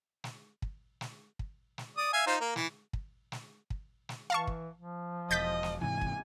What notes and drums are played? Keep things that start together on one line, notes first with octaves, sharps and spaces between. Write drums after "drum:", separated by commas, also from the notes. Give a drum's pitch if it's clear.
drum: snare
drum: kick
drum: snare
drum: kick
drum: snare
D5 D#6
E5 F5 G#5
D#4 F4 C5
A#3 A#5
E3, drum: snare
drum: kick
drum: snare
drum: kick
drum: snare
E3 F5 A5 C#6
drum: kick
F3
E1 D#5 G6 A6 B6
drum: snare
G#2 C3 E3 G#5
drum: kick